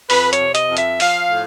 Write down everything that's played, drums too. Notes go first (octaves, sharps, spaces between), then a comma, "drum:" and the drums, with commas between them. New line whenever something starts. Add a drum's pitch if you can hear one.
F2 B4, drum: open hi-hat
C#5, drum: hi-hat
C3
D#5, drum: hi-hat
F2
E5, drum: hi-hat
F3 F5, drum: open hi-hat
A2